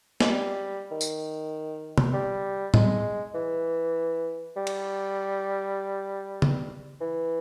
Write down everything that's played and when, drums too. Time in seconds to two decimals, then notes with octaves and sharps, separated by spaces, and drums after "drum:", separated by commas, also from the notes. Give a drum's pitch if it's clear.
0.20 G#3, drum: snare
0.29 G3
0.91 D#3
1.01 drum: tambourine
1.98 drum: tom
2.13 G3
2.74 G#3, drum: tom
3.35 E3
4.57 G3
4.67 drum: cymbal
6.42 drum: tom C#3
7.01 E3